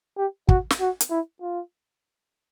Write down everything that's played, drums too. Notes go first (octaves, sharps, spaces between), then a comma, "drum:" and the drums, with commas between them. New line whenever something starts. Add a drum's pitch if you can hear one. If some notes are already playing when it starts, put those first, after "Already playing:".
G4
F#4, drum: kick
drum: snare
F#4
drum: hi-hat
E4
F4